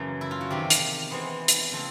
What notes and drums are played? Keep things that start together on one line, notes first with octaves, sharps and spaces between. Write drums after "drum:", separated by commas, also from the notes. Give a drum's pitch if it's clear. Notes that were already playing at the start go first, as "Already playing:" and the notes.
Already playing: F#2 C#3 E3 A#3 A4
E4
F4
F#4
E2 C3 D#3 G4
drum: hi-hat
C3 E3 G#3 B3 C5
drum: hi-hat
C#3 F3 A3 C4